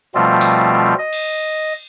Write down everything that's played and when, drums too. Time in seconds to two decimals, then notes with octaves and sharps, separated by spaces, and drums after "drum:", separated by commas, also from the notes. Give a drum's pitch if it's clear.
0.15 B2 F3 G3 A3 C4 F4
0.41 drum: open hi-hat
0.98 D#5
1.13 drum: cymbal